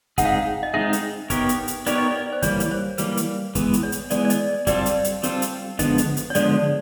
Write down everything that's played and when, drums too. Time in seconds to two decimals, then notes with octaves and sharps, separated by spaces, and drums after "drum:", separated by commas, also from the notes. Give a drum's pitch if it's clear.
0.18 G#3 C4 D#4 G#4 F#5, drum: kick, hi-hat
0.25 F5
0.32 F#5
0.63 D#5
0.74 G#3 C4 D#4 G#4 E5
0.93 drum: hi-hat
1.30 B3 D#4 G4 A#4 C#5, drum: kick, hi-hat
1.49 drum: hi-hat
1.68 drum: hi-hat
1.86 B3 D#4 G4 A#4 C#5 D5, drum: hi-hat
1.98 D#5
2.11 D5
2.33 C5
2.42 E3 G3 A#3 C#5, drum: kick, hi-hat
2.60 C#5, drum: hi-hat
2.71 C5
2.98 E3 G3 A#3 B4, drum: hi-hat
3.17 drum: hi-hat
3.55 E3 G#3 B3, drum: kick, hi-hat
3.73 drum: hi-hat
3.83 C#5
3.92 drum: hi-hat
4.10 E3 G#3 B3 D5, drum: hi-hat
4.25 D5
4.30 D#5, drum: hi-hat
4.67 G3 C4 F4 A4 D5, drum: kick, hi-hat
4.86 drum: hi-hat
5.04 drum: hi-hat
5.23 G3 C4 F4 A4, drum: hi-hat
5.42 drum: hi-hat
5.79 D3 F3 G#3 B3 D#5, drum: kick, hi-hat
5.98 drum: hi-hat
6.17 drum: hi-hat
6.30 C#5
6.35 D3 F3 G#3 B3 D5, drum: hi-hat